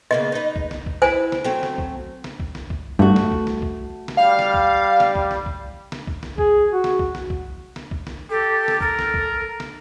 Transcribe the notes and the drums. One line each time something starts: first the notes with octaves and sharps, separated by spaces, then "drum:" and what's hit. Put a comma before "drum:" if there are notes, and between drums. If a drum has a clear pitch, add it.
C#3 A#3 B3 D#5
D#4 B4
drum: kick B1
drum: snare
drum: kick B1
E4 B4 C5 G#5
drum: snare
F#3 A3 C4
drum: snare
drum: kick B1
drum: snare
drum: kick B1
drum: snare
drum: kick B1
G2 A3 F#4
drum: snare
drum: kick B1
drum: snare
drum: kick B1
drum: snare
G3 F5
drum: snare
drum: kick B1
drum: snare
drum: kick B1
drum: snare
drum: kick B1
drum: snare
drum: kick B1
drum: snare
G#4, drum: kick B1
F#4
drum: snare
drum: kick B1
drum: snare
drum: kick B1
drum: snare
drum: kick B1
drum: snare
G4 A4
drum: snare
A4 A#4, drum: kick B1
drum: snare
drum: kick B1
drum: snare